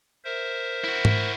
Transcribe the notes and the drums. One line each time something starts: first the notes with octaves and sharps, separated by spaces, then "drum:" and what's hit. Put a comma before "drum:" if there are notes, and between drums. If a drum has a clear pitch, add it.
A#4 C5 E5
E4 F#4
drum: tom G#2